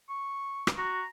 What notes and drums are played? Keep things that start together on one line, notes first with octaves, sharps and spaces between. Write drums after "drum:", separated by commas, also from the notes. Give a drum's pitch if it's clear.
C#6
drum: rim click
F#4 A#5